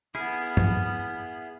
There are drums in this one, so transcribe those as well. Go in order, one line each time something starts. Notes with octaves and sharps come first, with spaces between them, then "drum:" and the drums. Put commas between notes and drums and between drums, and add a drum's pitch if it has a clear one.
B3 E4 G#4 F6
drum: tom